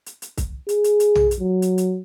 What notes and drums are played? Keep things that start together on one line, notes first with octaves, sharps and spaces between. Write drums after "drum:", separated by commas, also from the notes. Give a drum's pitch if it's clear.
drum: hi-hat
drum: hi-hat
drum: kick C2, hi-hat
G#4, drum: hi-hat
drum: hi-hat
drum: hi-hat
drum: tom
drum: hi-hat
F#3
drum: hi-hat
drum: hi-hat